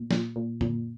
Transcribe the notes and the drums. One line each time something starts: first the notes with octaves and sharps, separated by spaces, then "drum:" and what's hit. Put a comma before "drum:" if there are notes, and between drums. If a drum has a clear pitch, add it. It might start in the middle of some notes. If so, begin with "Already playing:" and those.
Already playing: A#2
A#2, drum: snare
A#2
A#2, drum: tom F#2